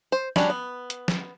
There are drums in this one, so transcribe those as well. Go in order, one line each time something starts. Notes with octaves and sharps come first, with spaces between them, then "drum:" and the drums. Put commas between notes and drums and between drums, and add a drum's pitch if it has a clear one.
C5
F#3 G3 C#4 D4, drum: snare
B3
drum: hi-hat
drum: snare